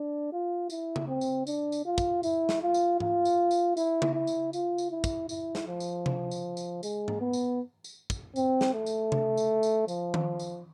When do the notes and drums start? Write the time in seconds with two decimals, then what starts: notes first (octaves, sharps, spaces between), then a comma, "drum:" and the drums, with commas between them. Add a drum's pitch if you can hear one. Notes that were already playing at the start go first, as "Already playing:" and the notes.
Already playing: D4
0.33 F4
0.70 E4, drum: tambourine
0.96 drum: tom C#3
1.08 C4
1.21 drum: tambourine
1.47 D4, drum: tambourine
1.72 drum: tambourine
1.85 F4
1.98 drum: kick, tambourine
2.23 E4, drum: tambourine
2.49 drum: snare
2.62 F4
2.74 drum: tambourine
3.00 F4, drum: tom G#2
3.25 drum: tambourine
3.51 drum: tambourine
3.77 E4, drum: tambourine
4.02 drum: tom C#3
4.14 E4
4.27 drum: tambourine
4.53 F4, drum: tambourine
4.78 drum: tambourine
4.91 E4
5.04 drum: kick, tambourine
5.29 E4, drum: tambourine
5.55 drum: snare
5.68 F3
5.80 drum: tambourine
6.06 drum: tom C3
6.31 drum: tambourine
6.57 drum: tambourine
6.83 G#3, drum: tambourine
7.08 drum: tom G#2
7.20 B3
7.33 drum: tambourine
7.84 drum: tambourine
8.10 drum: kick, tambourine
8.36 C4, drum: tambourine
8.61 drum: snare
8.74 A3
8.86 drum: tambourine
9.12 drum: tom C3
9.37 drum: tambourine
9.63 drum: tambourine
9.88 F3, drum: tambourine
10.14 drum: tom D#3
10.39 drum: tambourine